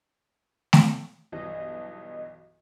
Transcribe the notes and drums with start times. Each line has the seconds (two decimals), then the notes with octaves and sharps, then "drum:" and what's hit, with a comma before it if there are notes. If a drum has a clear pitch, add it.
0.73 drum: snare A3
1.32 B1 G2 E3 D#5